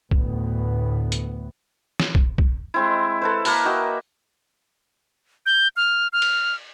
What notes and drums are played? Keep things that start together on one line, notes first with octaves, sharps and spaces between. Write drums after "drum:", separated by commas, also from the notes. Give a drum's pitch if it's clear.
D2 A2 B3, drum: kick
drum: hi-hat
drum: snare
drum: kick
drum: kick
G#3 C4 E4
A4 B4 C5
A#3 A#4 B4 A5, drum: open hi-hat
F#4 D#5 E5 G5
G6
F6
F6
drum: cymbal